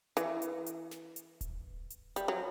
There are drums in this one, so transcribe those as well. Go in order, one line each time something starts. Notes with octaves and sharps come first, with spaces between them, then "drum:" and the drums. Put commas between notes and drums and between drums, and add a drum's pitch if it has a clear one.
E3, drum: hi-hat
drum: hi-hat
drum: hi-hat
drum: snare
drum: hi-hat
drum: kick D1, hi-hat
drum: hi-hat
G3, drum: hi-hat
F#3